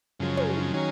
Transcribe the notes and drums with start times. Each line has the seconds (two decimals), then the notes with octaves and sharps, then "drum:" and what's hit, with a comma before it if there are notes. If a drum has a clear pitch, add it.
0.20 F#2 C#3 F3 G#3
0.37 drum: tom
0.73 D#3 F#3 C#4 G#4